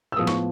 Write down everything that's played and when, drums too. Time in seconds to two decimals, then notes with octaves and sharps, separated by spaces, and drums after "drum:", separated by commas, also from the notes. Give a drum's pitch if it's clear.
0.12 E6
0.16 A2 F3 G#3 B3 D#6
0.27 C#6, drum: snare